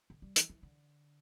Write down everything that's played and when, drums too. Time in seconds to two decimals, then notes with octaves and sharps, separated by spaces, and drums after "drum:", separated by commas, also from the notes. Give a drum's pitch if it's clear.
0.10 D3
0.22 G3
0.36 E3, drum: hi-hat
0.49 E3
0.63 D3